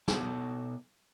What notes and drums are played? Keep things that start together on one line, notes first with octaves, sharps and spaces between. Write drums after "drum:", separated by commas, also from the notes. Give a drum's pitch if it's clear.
B2 B3 A4 A5, drum: snare